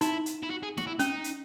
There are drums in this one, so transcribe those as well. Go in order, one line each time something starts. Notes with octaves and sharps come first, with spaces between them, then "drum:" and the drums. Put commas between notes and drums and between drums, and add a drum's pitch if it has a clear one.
D#4 E4, drum: hi-hat
drum: hi-hat
E4
F#4
G#4
F#4, drum: snare
E4
C#4 D#4, drum: hi-hat
drum: hi-hat